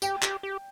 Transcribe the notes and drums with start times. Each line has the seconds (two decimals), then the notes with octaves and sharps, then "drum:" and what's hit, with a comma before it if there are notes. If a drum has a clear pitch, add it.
0.02 G4 G5, drum: tambourine
0.23 G4, drum: clap
0.43 G4